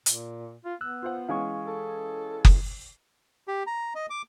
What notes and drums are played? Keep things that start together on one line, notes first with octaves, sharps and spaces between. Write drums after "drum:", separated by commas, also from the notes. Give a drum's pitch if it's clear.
A#2, drum: hi-hat
F4
B3 E6 F#6
F4 C5 F#5
E3 G#3 C#4 F5 G#5 C#6
A4
drum: kick F#1
G4
A#5
D#5
D6